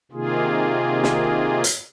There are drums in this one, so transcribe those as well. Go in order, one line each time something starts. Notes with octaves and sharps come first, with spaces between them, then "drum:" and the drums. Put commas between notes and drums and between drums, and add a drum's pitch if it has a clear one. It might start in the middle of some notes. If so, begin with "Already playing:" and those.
C3 D#3 A#3 F4 G#4
drum: snare
drum: hi-hat